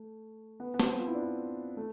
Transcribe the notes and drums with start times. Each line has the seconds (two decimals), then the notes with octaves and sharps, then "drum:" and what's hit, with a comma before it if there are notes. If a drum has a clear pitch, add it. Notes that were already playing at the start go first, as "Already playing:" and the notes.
Already playing: A3
0.60 B3
0.74 B3
0.80 C4, drum: snare
0.99 F4
1.07 E4
1.15 D4
1.22 E4
1.77 A3